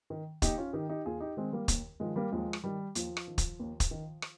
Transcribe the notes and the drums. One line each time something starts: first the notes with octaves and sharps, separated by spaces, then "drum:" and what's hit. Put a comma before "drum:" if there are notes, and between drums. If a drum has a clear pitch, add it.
D#3
D#2 D#4 G4, drum: kick, hi-hat
C#4 F4
D#3 D#4 G4
D#4 G4
D#2 F4 G#4
D#4 G4
D#3 G#3 C4
G3 A#3
D#2, drum: kick, hi-hat
D#3 F3 G#3
G3 A#3
D#2 F3 G#3
drum: rim click
D#3 G3
D#2 F3, drum: hi-hat
drum: rim click
D#3
drum: kick, hi-hat
D#2
drum: kick, hi-hat
D#3
drum: rim click